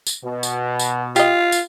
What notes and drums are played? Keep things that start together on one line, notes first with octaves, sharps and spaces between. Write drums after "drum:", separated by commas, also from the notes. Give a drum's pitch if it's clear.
drum: tambourine
B2
drum: tambourine
drum: tambourine
F4 G4 D#5, drum: tambourine
drum: tambourine